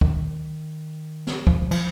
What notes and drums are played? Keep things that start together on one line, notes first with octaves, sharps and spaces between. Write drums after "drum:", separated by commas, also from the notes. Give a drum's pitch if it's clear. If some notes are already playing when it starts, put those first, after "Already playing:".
D#3, drum: kick
drum: snare
F3, drum: kick
F#3
F3, drum: cymbal